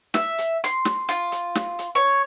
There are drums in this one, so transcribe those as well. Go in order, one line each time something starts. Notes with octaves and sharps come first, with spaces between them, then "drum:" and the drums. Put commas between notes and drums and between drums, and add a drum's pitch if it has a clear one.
E5, drum: snare
drum: hi-hat
C6, drum: hi-hat
drum: snare
F4, drum: hi-hat
drum: hi-hat
drum: snare
drum: hi-hat
C#5